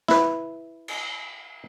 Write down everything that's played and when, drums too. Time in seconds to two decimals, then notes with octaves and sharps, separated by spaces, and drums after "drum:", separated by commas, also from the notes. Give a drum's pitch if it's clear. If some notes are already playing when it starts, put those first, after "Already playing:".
0.08 E4 B4, drum: snare
0.88 drum: cymbal